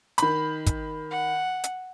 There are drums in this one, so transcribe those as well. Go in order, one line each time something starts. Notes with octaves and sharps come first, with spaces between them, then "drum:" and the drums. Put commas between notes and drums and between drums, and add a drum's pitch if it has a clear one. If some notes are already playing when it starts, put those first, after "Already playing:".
D#3 B5, drum: hi-hat
drum: kick, hi-hat
F#5
drum: hi-hat